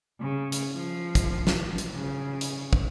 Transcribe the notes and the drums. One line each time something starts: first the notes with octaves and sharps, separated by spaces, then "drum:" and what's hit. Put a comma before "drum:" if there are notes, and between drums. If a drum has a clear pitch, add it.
C#3
drum: hi-hat
F3
drum: kick, hi-hat
drum: snare
drum: hi-hat
C#3
drum: hi-hat
drum: kick